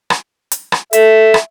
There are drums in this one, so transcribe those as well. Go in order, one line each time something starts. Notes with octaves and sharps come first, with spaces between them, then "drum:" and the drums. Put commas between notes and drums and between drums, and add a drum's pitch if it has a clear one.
drum: rim click
drum: hi-hat
drum: rim click
A4 E5, drum: hi-hat
drum: rim click